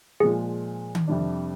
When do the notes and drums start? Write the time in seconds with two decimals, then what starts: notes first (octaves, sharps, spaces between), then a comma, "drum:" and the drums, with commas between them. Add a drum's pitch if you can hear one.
0.20 A#2 F3 G#3 G#4
0.95 drum: tom D#3
1.08 F2 C3 G3 D4